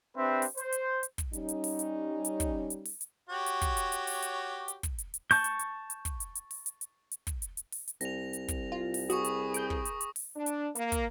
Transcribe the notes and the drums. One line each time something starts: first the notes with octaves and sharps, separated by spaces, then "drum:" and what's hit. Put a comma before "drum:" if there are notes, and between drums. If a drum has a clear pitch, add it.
C4 D4 G4 B4 C5 E5
drum: open hi-hat
C5, drum: hi-hat
drum: hi-hat
drum: hi-hat
drum: kick, hi-hat
G3 C#4 D#4, drum: hi-hat
drum: hi-hat
drum: open hi-hat
drum: hi-hat
drum: hi-hat
drum: kick, hi-hat
drum: hi-hat
drum: open hi-hat
drum: hi-hat
F#4 G4 C#5
drum: hi-hat
drum: kick, hi-hat
drum: hi-hat
drum: hi-hat
drum: open hi-hat
drum: hi-hat
drum: hi-hat
drum: kick, hi-hat
drum: hi-hat
drum: hi-hat
A5 C#6 G6, drum: open hi-hat
drum: hi-hat
drum: hi-hat
drum: hi-hat
drum: kick, hi-hat
drum: hi-hat
drum: hi-hat
drum: open hi-hat
drum: hi-hat
drum: hi-hat
drum: hi-hat
drum: kick, hi-hat
drum: hi-hat
drum: hi-hat
drum: open hi-hat
drum: hi-hat
C2 A#6 F7, drum: hi-hat
drum: hi-hat
drum: kick, hi-hat
F4
drum: open hi-hat
F#4 G#4 B4 C#6 D#6, drum: hi-hat
drum: hi-hat
G6 D7, drum: hi-hat
drum: kick
drum: hi-hat
drum: hi-hat
drum: open hi-hat
D4
drum: hi-hat
A#3, drum: hi-hat
drum: kick, hi-hat